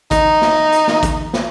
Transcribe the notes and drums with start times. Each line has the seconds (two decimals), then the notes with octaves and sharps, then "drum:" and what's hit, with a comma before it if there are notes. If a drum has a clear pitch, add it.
0.11 D#4, drum: kick, hi-hat
0.42 drum: snare
0.72 drum: hi-hat
0.87 drum: snare
1.03 drum: kick, hi-hat
1.33 drum: snare